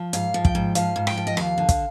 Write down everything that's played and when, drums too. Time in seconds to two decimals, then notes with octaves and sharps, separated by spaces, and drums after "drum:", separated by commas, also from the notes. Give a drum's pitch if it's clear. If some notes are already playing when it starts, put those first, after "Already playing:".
Already playing: F3
0.13 G#2 F5, drum: hi-hat
0.34 F3
0.45 G5, drum: kick
0.55 G#2
0.75 F3 F5, drum: hi-hat
0.96 G#2
1.07 G5, drum: rim click
1.17 F3
1.27 D#5
1.37 D#2 F5, drum: rim click
1.58 D3
1.69 drum: kick, hi-hat